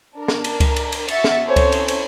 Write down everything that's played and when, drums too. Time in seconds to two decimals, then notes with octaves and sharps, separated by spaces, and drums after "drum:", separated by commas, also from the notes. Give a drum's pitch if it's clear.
0.17 D4 A#4
0.28 drum: snare
0.44 drum: cymbal
0.60 drum: kick C#2, cymbal
0.76 drum: cymbal
0.92 drum: cymbal
1.08 F#4 E5 A6 C#7, drum: cymbal
1.24 drum: snare
1.46 C4 C#4 E4 A4 C5 C#5
1.56 drum: kick C#2, cymbal
1.72 drum: cymbal
1.88 drum: cymbal